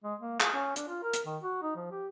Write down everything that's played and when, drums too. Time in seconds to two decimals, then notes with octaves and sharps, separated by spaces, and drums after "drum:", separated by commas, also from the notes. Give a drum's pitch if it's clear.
0.04 G#3
0.19 A#3
0.40 G#4, drum: clap
0.54 C#4
0.76 D4, drum: hi-hat
0.87 F4
1.03 A#4
1.14 drum: hi-hat
1.26 D#3
1.42 F#4
1.62 D#4
1.76 F3
1.91 G4